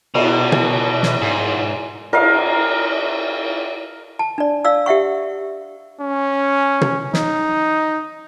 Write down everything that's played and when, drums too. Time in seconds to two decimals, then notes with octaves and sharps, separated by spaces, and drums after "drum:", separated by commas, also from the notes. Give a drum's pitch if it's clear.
0.15 B2, drum: cymbal
0.52 drum: tom
1.03 drum: snare
1.22 G#2
2.13 A#4 E5 F5, drum: cymbal
4.19 A5
4.38 D4 D5
4.65 D5 F5 E6
4.86 G4 E5 F#5 C#6
6.00 C#4
6.81 drum: tom
7.14 D#4, drum: snare